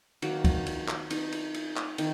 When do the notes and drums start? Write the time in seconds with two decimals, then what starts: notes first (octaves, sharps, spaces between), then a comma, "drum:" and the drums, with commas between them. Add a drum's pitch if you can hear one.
0.22 D#3 F#3 A#3 F#4, drum: cymbal
0.44 drum: kick, cymbal
0.66 drum: cymbal
0.88 drum: clap
1.10 D#4, drum: cymbal
1.32 drum: cymbal
1.54 drum: cymbal
1.76 drum: clap
1.98 D#3, drum: cymbal